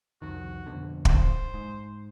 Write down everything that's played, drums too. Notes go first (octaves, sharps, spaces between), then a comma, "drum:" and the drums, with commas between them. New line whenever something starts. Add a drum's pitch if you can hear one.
C2 F2 D#3 F#4
F2 B2 D3
C5, drum: kick
G#2